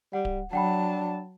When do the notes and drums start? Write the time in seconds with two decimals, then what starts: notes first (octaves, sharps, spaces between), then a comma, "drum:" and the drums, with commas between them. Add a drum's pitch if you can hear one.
0.13 G3 F#5
0.25 drum: kick D1
0.53 F#3 D4 F#5 G5 A5 B5